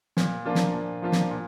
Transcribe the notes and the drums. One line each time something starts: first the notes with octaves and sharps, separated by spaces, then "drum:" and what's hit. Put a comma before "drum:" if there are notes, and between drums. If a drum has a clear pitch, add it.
A#2, drum: snare
F3 A#3 D4 F4
drum: snare
A#2
F3 A#3 D4 F4
drum: snare
A#2